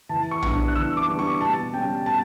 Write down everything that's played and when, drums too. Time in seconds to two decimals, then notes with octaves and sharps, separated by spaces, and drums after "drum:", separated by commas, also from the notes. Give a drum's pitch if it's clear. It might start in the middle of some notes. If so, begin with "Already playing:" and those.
0.09 E3 A5
0.31 C#6
0.42 G3 B3 D4, drum: tom A#1
0.68 F#6
0.75 E3 E6
0.97 D6
1.08 G3 B3 D4
1.19 C#6
1.41 B2 A5
1.74 G3 C#4 G5
2.06 B2 A5